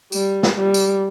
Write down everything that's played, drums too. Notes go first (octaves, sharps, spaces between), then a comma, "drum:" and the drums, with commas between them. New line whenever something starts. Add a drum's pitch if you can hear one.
G3, drum: tambourine
drum: snare
G3
drum: tambourine